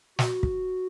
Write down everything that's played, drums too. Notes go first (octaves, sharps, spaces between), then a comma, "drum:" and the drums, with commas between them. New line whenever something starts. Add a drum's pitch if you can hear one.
F#4, drum: snare
drum: kick